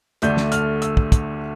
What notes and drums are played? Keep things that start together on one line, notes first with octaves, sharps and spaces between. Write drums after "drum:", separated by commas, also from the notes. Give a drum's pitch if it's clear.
D2 D3 A3 D4 G6, drum: hi-hat
drum: snare
F6, drum: hi-hat
E6, drum: hi-hat
drum: kick
drum: kick, hi-hat